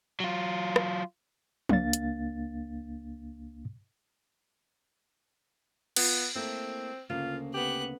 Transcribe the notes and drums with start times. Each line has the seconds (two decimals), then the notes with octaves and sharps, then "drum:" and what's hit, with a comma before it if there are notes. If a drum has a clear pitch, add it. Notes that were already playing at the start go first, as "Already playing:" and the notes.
0.20 F#3 F4
0.76 drum: rim click
1.69 C#2 A#3 D4 F5 A6, drum: tom
1.93 drum: hi-hat
5.96 B3 F4, drum: cymbal
6.35 A3 A#3 C4 E4
7.10 D2 C#3 A#3 F4
7.54 B3 G4 F#6